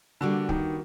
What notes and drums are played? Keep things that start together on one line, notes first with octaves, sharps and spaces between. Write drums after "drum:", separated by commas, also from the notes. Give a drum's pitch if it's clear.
D3 G3 A#3 D4 F#4 B4
D#3, drum: kick